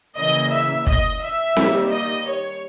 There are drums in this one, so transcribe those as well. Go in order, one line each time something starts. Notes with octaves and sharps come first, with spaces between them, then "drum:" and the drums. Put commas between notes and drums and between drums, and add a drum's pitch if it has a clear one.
C#3 E3 A#3 D#5
E5
D#5, drum: kick
E5
D#3 G3 A#3, drum: snare C4
D#5
C#5